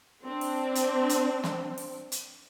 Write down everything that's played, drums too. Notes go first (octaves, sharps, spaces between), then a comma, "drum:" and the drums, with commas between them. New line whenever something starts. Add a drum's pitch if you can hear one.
C4 D4
drum: open hi-hat
drum: hi-hat
drum: hi-hat
drum: snare
drum: open hi-hat
drum: hi-hat